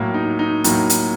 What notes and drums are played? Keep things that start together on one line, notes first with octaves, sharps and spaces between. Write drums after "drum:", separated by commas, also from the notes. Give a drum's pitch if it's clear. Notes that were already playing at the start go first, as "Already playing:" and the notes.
Already playing: A2 F#3 A#3
D#4
D#4
A2 F#3 A#3 D#4, drum: hi-hat
drum: hi-hat